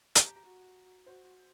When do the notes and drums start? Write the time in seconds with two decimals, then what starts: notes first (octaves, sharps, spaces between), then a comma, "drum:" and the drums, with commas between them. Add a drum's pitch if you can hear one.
0.15 G4 A5, drum: hi-hat
0.25 A#5
0.36 A#5
0.45 F#4
1.06 F#4 C5